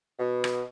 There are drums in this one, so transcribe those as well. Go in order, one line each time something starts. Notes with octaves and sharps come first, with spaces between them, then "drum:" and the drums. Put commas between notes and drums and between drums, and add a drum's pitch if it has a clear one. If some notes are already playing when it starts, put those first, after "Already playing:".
B2
drum: rim click